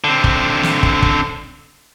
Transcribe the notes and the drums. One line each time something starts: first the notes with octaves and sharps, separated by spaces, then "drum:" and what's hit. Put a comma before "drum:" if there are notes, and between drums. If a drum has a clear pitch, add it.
D3 C4
drum: kick
drum: snare
drum: kick
drum: kick